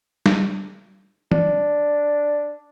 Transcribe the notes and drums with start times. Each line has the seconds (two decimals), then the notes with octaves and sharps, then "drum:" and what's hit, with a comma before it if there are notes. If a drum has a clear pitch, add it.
0.26 drum: snare
1.32 D4, drum: tom